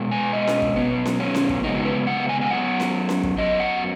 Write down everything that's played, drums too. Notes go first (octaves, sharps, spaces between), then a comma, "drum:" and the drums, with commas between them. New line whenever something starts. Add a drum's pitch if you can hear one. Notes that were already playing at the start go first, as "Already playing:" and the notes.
Already playing: B2 G#3
G#5
D#5
drum: snare C#4
drum: kick
B2 F#3 B3
drum: snare C#4
C#4
drum: snare C#4
drum: kick
C#3 G#3 B3 D#4
F#4
B4
F#5
G#5
G#5
F#2 F#3 B3 F#5
drum: snare C#4
drum: snare C#4
drum: kick
F#2 F#3 B3 D#5
F#5